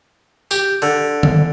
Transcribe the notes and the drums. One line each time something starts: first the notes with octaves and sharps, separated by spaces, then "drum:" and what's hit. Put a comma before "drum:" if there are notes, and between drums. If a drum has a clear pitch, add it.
G4, drum: tambourine
D3
drum: tom D#3